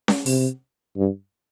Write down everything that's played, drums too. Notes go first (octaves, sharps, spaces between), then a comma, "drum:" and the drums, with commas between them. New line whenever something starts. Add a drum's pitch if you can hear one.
drum: snare C#4
C3, drum: open hi-hat
G2